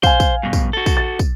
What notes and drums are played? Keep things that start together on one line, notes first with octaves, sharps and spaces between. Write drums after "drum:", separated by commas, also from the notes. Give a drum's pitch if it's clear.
C5 F5 G#5, drum: kick, tambourine
drum: kick, tambourine
G2 B2
drum: kick, tambourine
F#4 A4
drum: kick, tambourine
A6
drum: kick, tambourine